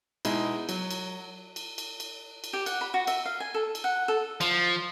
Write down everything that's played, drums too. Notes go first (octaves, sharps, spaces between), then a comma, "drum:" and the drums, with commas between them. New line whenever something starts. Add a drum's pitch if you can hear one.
B2 G#3 D#4 E4, drum: cymbal
F#3, drum: cymbal
drum: cymbal
drum: cymbal
drum: cymbal
drum: cymbal
drum: cymbal
G4
F#5, drum: cymbal
B5
F#4
E5, drum: cymbal
F5
G#5
A4
drum: cymbal
F#5
A4
F3, drum: cymbal